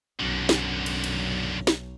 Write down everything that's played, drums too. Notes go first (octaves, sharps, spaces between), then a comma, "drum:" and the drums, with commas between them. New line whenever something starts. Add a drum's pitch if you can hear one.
B1 F#2 D3
drum: snare
drum: cymbal
drum: cymbal
drum: snare